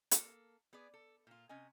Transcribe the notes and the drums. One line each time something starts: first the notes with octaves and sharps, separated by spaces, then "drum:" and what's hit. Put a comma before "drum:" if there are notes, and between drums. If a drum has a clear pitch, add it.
A#3 A4, drum: hi-hat
B3 G#4 B4 D5
A4
A#2 F4
C3 C#4 D#5 G#5